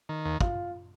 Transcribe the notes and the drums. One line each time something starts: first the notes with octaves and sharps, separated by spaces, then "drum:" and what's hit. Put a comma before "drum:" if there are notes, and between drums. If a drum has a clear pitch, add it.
D#3
D#2
F4, drum: kick